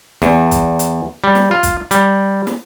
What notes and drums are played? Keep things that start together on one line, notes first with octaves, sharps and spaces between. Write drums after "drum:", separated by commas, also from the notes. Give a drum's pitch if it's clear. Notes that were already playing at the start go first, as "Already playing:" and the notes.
E2, drum: snare
drum: kick, hi-hat
drum: hi-hat
G3
drum: snare
F4
drum: kick, hi-hat
G3, drum: hi-hat
drum: snare